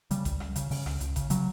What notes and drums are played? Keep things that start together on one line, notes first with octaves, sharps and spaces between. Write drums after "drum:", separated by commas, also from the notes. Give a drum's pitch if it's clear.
C#3 G3, drum: hi-hat
C#2, drum: kick A1, hi-hat
C#2, drum: rim click
C#3, drum: hi-hat
C#3, drum: open hi-hat
C#2, drum: rim click
C#2, drum: hi-hat
C#3, drum: kick A1, hi-hat
C#3 F#3, drum: hi-hat